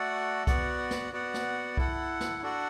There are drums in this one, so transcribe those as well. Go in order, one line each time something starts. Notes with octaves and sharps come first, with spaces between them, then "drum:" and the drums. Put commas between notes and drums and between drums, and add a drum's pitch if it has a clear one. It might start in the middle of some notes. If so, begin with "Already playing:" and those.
Already playing: A3 F#4 A4 D5 F#5
B3 F#4 D5 F#5, drum: kick C2, hi-hat
drum: snare
B3 F#4 D5 F#5
drum: snare
E4 A4 F#5, drum: kick C2
drum: snare
D4 F#4 A4 D5 F#5